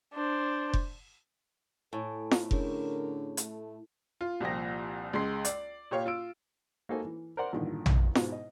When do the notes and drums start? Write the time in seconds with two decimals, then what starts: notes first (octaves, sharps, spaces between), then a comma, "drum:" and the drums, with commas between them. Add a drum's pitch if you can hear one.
0.13 D4 C5
0.73 drum: kick F1
1.93 A2 A4 G#5
2.31 drum: snare F4
2.51 D3 C#4 G#4 A#4 C#5, drum: kick F1
3.37 A3, drum: hi-hat
4.21 F4
4.40 C2 A#2 F3 G5 A#6
5.13 C#2 G#3 C6 C7
5.45 D5, drum: hi-hat
5.91 A#2 G4 C#5 F5 C#6
6.06 F4 E6 D7
6.89 A#3 D#4 F#4 A4 C5 G#5
7.05 E3
7.37 A#4 C5 D5 F#5 C6
7.52 A1 G2 A#2 D3 D#3
7.86 drum: tom A#1
8.15 G#2 B2, drum: snare F4
8.32 D#5